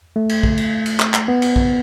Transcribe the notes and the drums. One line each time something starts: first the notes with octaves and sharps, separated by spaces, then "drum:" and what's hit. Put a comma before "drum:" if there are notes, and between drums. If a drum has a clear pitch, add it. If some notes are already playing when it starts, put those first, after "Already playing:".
A3
drum: cymbal
drum: kick
drum: cymbal
drum: cymbal
drum: clap
drum: clap
B3
drum: cymbal
drum: kick